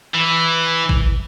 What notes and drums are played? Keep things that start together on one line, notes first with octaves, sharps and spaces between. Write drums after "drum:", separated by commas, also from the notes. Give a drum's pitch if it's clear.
E3
drum: kick